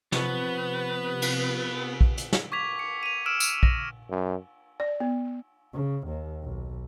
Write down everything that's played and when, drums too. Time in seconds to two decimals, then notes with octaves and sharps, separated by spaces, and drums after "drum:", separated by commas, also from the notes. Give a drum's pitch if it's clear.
0.12 C3 F3 B3 B4 C#6, drum: snare
1.22 drum: cymbal
2.01 drum: kick A#1
2.18 drum: hi-hat
2.33 drum: snare
2.52 C#6 D6 G#6 B6 F7
2.79 C#7
3.03 D#7 F7
3.26 E6 F6 D7 E7
3.40 drum: tambourine
3.63 A#6, drum: kick A#1
4.10 F#2
4.80 D5
5.00 B3
5.73 C#3
6.08 D#2
6.43 B1